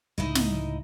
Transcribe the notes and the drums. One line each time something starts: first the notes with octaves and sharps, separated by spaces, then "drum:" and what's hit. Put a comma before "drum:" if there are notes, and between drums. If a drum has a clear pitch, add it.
C#2 A2 D3 D#4 E4 D#5
drum: snare